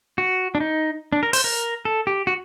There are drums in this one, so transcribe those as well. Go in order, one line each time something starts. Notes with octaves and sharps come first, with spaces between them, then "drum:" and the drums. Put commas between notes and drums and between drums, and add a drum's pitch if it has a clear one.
F#4
D4
D#4
D4
A#4
C5, drum: open hi-hat
A#4
A4
G4
F#4